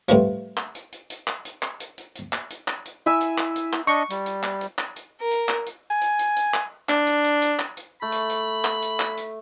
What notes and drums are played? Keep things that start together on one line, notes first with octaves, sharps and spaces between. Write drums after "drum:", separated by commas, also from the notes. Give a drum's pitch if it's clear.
C2 A2 E3 F3
drum: clap
drum: hi-hat
drum: hi-hat
drum: hi-hat
drum: clap
drum: hi-hat
drum: clap
drum: hi-hat
drum: hi-hat
drum: hi-hat
drum: clap
drum: hi-hat
drum: clap
drum: hi-hat
E4 E5 G#5 E6
drum: hi-hat
drum: clap
drum: hi-hat
drum: clap
D4 D#5 C#6
G3, drum: hi-hat
drum: hi-hat
drum: clap
drum: hi-hat
drum: clap
drum: hi-hat
A#4
drum: hi-hat
drum: clap
drum: hi-hat
G#5
drum: hi-hat
drum: hi-hat
drum: hi-hat
drum: clap
D4, drum: clap
drum: hi-hat
drum: hi-hat
drum: hi-hat
drum: clap
drum: hi-hat
A3 B5
drum: hi-hat
drum: hi-hat
drum: clap
drum: hi-hat
drum: clap
drum: hi-hat